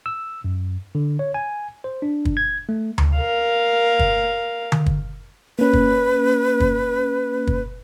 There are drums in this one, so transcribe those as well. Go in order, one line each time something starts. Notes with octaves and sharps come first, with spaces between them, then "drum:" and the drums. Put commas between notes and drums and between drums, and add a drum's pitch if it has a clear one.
E6
F#2
D3
C#5
G#5
C5
D4
drum: kick
G#6
A3
drum: tom D2
A#4 F5
drum: kick
drum: tom D3
drum: kick
A#3 C#4 B4
drum: kick
drum: kick
drum: kick